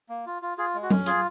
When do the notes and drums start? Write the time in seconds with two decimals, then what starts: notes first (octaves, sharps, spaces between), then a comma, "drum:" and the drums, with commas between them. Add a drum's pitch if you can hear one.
0.09 A#3
0.26 F4
0.42 F4
0.58 F4 G#4
0.74 G#3
0.83 F#4
0.90 C#4, drum: tom F#3
1.06 F4 G#4, drum: hi-hat